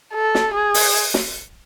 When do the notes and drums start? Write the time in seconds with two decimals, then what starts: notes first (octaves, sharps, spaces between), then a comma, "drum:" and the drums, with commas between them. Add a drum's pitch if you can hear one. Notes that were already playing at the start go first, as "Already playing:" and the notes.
0.15 A4
0.35 drum: snare
0.54 G#4
0.74 drum: open hi-hat
1.14 drum: snare